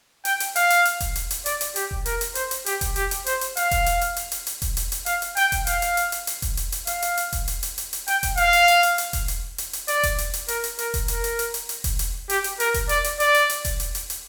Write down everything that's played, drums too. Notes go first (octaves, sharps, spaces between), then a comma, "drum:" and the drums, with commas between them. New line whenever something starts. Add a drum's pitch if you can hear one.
G5, drum: hi-hat
drum: hi-hat
F5, drum: hi-hat
drum: hi-hat
drum: hi-hat
drum: kick E1, hi-hat
drum: hi-hat
drum: hi-hat
D5, drum: hi-hat
drum: hi-hat
G4, drum: hi-hat
drum: kick E1
A#4, drum: hi-hat
drum: hi-hat
C5, drum: hi-hat
drum: hi-hat
G4, drum: hi-hat
drum: kick E1, hi-hat
G4, drum: hi-hat
drum: hi-hat
C5, drum: hi-hat
drum: hi-hat
F5, drum: hi-hat
drum: kick E1, hi-hat
drum: hi-hat
drum: hi-hat
drum: hi-hat
drum: hi-hat
drum: hi-hat
drum: kick E1, hi-hat
drum: hi-hat
drum: hi-hat
F5, drum: hi-hat
drum: hi-hat
G5, drum: hi-hat
drum: kick E1, hi-hat
F5, drum: hi-hat
drum: hi-hat
drum: hi-hat
drum: hi-hat
drum: hi-hat
drum: kick E1, hi-hat
drum: hi-hat
drum: hi-hat
F5, drum: hi-hat
drum: hi-hat
drum: hi-hat
drum: kick E1, hi-hat
drum: hi-hat
drum: hi-hat
drum: hi-hat
drum: hi-hat
G5, drum: hi-hat
drum: kick E1, hi-hat
F5, drum: hi-hat
drum: hi-hat
drum: hi-hat
drum: hi-hat
drum: hi-hat
drum: kick E1, hi-hat
drum: hi-hat
drum: hi-hat
drum: hi-hat
D5, drum: hi-hat
drum: kick E1, hi-hat
drum: hi-hat
drum: hi-hat
A#4, drum: hi-hat
drum: hi-hat
A#4, drum: hi-hat
drum: kick E1, hi-hat
A#4, drum: hi-hat
drum: hi-hat
drum: hi-hat
drum: hi-hat
drum: hi-hat
drum: kick E1, hi-hat
drum: hi-hat
G4, drum: hi-hat
drum: hi-hat
A#4, drum: hi-hat
drum: kick E1, hi-hat
D5, drum: hi-hat
drum: hi-hat
D5, drum: hi-hat
drum: hi-hat
drum: hi-hat
drum: kick E1, hi-hat
drum: hi-hat
drum: hi-hat
drum: hi-hat